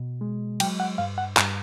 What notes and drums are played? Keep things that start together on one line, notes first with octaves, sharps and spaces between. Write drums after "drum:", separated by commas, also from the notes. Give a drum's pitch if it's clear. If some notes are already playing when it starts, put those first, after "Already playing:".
Already playing: B2
G#3
F#3 G5, drum: cymbal
F#5
G2 F5
F#5
G2, drum: clap